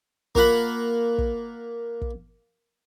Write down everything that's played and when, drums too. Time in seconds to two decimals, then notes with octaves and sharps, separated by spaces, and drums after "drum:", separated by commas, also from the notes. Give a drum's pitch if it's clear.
0.35 A#3 F4 F#5 B5, drum: kick
1.18 drum: kick
2.01 drum: kick